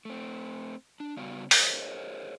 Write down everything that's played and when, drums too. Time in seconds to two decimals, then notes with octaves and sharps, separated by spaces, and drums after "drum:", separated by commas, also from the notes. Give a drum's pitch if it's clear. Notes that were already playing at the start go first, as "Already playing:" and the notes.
0.05 A3 C4
1.00 D4
1.17 C#3 G3 B3 F#4 F5
1.51 G#4 A#4 C5 C#5 D#5 F5, drum: open hi-hat